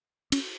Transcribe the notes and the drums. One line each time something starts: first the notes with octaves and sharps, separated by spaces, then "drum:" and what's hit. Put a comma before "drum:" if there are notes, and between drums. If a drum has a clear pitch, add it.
C#4, drum: cymbal